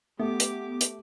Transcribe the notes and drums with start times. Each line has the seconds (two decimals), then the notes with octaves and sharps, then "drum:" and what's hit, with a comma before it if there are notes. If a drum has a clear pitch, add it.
0.19 A3 B3 G4 D6
0.40 drum: hi-hat
0.81 drum: hi-hat